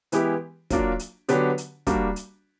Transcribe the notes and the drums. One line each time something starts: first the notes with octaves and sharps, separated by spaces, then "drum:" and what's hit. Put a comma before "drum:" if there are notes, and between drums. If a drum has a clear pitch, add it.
E3 G#3 B3 E4 G4, drum: hi-hat
F#3 A#3 D4 F4, drum: kick, hi-hat
drum: hi-hat
D3 F#3 B3 D4 G4, drum: hi-hat
drum: hi-hat
G3 A#3 D4 F#4, drum: kick, hi-hat
drum: hi-hat